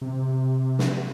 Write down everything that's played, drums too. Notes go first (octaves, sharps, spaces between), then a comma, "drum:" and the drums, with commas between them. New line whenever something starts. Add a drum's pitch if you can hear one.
C3
drum: snare